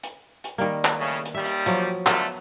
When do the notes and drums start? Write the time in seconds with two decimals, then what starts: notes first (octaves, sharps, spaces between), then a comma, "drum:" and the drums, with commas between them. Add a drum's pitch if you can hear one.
0.03 drum: hi-hat
0.44 drum: hi-hat
0.58 D#3 G3 A#3
0.85 drum: clap
0.98 A2 C#3
1.25 drum: hi-hat
1.34 D#2 G3 E5
1.46 drum: hi-hat
1.66 F3 F#3, drum: hi-hat
2.06 D3 F3 A3 B3 A#4 B4, drum: clap